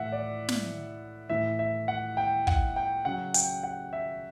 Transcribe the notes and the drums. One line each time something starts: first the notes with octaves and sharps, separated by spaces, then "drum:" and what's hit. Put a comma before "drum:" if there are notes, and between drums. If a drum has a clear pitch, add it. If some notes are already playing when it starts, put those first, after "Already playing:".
Already playing: A2 E3 E5 F#5
D5
drum: snare
A2 E3 E5
E5
F#5
G5
F#5, drum: kick
G5
C#3 F#3 F#5
G5, drum: hi-hat
F#5
E5